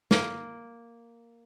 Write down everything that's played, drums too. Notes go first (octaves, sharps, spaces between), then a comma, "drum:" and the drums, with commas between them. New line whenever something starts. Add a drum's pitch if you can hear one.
A#3, drum: snare